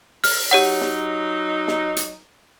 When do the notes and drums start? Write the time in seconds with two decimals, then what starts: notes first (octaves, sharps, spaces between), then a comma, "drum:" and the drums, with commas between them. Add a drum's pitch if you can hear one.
0.24 F6, drum: open hi-hat
0.51 F#3 D#4 G4 C#5 F#5
0.81 drum: snare
1.68 drum: snare
1.97 drum: hi-hat